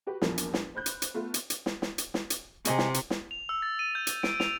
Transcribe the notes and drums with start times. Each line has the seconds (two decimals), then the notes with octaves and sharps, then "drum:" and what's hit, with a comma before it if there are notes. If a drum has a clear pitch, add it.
0.07 F#4 G4 B4
0.22 A#1 E2 F3 G3 B3 A#4, drum: snare
0.38 drum: hi-hat
0.54 drum: snare
0.75 C5 B5 F#6 G6
0.86 drum: hi-hat
1.02 drum: hi-hat
1.14 A3 B3 F4
1.34 drum: hi-hat
1.50 drum: hi-hat
1.66 drum: snare
1.82 drum: snare
1.98 drum: hi-hat
2.14 drum: snare
2.30 drum: hi-hat
2.65 C3 G#4 D#5 G#5, drum: hi-hat
2.78 drum: snare
2.94 drum: hi-hat
3.10 drum: snare
3.31 F7
3.49 E6
3.62 A6
3.79 D#7
3.95 G6
4.07 drum: hi-hat
4.23 D7, drum: snare
4.40 F7, drum: snare